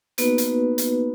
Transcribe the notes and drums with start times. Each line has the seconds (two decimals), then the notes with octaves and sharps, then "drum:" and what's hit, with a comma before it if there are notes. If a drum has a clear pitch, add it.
0.18 A#3 B3 D#4 F#4 B4, drum: hi-hat
0.38 drum: hi-hat
0.78 drum: hi-hat